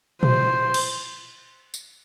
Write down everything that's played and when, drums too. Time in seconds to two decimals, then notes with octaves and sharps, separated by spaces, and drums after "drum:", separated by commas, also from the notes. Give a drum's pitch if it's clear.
0.23 C5, drum: tom A#2
0.74 drum: cymbal
1.74 drum: tambourine